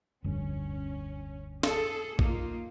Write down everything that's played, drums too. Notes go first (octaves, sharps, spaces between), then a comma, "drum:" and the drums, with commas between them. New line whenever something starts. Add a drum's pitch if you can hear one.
F1 D2 G2 C#4
G#4 A4, drum: snare
A#3 D#4 F4, drum: kick A#1